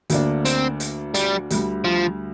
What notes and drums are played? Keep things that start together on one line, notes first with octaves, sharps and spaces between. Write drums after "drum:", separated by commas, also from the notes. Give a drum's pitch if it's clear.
D2 D3 A#3 D4, drum: hi-hat
C4, drum: hi-hat
drum: hi-hat
G3, drum: hi-hat
D2 D3 G3, drum: hi-hat
F3